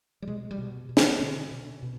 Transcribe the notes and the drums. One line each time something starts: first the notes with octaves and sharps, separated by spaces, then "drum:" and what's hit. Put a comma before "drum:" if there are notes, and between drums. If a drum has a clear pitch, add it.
G3
B2 G#3
G3
B2
B2
D#3, drum: snare
B2 D3
B2
B2